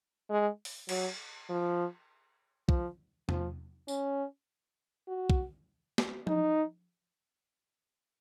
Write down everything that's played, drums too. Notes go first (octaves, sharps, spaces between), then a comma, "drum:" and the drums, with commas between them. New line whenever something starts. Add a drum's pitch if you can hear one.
G#3
drum: open hi-hat
F#3, drum: cymbal
F3
F3, drum: kick
F3, drum: tom E2
C#4, drum: tambourine
F#4
drum: kick
drum: snare
D#4, drum: tom F3